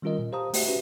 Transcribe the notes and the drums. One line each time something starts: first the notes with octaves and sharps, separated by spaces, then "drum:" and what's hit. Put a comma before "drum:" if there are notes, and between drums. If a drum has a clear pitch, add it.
D#3 G3 C#4 F4 A#4 D#5
A#2
G4 C5 F5 A5 A#5 D#6
A3 F#4 G4 C5 E5 F#5, drum: open hi-hat
C#4 F#4 G4 B4 E5